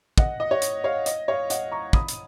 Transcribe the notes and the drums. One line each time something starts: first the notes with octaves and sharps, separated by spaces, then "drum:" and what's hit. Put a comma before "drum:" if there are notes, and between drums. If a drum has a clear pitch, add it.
D#5 F#5, drum: kick
D#5
C#5
drum: hi-hat
C#5 F5
D#5, drum: hi-hat
C#5 F5
D#5 F#5, drum: hi-hat
A#5 C#6
B5 D#6, drum: kick
drum: hi-hat